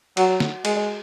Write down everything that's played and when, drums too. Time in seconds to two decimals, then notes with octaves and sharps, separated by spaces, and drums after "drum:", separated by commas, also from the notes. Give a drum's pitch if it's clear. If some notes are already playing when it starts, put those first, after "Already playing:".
0.17 F#3, drum: cymbal
0.40 drum: snare
0.65 G#3, drum: cymbal